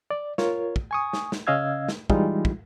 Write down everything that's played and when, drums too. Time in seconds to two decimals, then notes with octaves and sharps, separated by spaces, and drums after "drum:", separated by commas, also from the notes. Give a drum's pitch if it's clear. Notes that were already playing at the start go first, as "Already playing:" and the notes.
0.11 D5
0.38 F4 A#4 C#5, drum: snare
0.76 drum: kick
0.91 G#5 C#6 D#6
1.13 drum: snare
1.32 drum: snare
1.47 C#3 C#4 D#5 F5 E6 G#6
1.89 drum: snare
2.10 E3 G3 G#3 D#4 F4, drum: kick
2.45 drum: kick